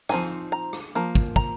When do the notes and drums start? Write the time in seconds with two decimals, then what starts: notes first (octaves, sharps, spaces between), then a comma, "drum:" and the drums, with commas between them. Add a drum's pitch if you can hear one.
0.09 F3 C4 D#4 G#5, drum: rim click
0.52 A#5
0.73 drum: rim click
0.95 F3 A#3
1.15 drum: kick
1.36 A#5, drum: kick